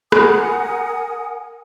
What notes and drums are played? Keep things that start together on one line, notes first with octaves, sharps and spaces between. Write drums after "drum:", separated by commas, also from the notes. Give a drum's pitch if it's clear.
A#4 F#5 G#5 D#6, drum: rim click